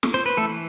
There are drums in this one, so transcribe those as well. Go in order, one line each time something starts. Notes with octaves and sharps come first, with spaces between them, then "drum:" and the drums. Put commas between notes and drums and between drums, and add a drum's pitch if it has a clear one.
drum: snare
C5
B4
E3 A3 A4